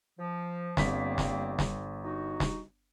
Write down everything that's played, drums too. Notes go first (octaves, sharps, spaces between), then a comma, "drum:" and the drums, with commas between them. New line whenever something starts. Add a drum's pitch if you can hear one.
F3
G1 G3 A#3 C4 B6, drum: snare
drum: snare
drum: snare
D#4 F#4
drum: snare